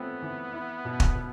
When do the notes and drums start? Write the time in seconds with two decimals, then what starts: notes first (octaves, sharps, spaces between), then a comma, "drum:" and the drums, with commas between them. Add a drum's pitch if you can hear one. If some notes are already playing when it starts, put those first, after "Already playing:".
Already playing: A3 B3 C4 F4
0.22 E3
0.53 E4
0.85 B2
1.00 drum: kick
1.15 B2